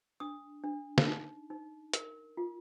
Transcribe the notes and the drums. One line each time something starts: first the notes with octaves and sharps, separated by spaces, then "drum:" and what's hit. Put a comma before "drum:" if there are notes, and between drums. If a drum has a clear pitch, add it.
D4 D#6
D4
drum: snare
D#4
D#4
A#4, drum: hi-hat
F4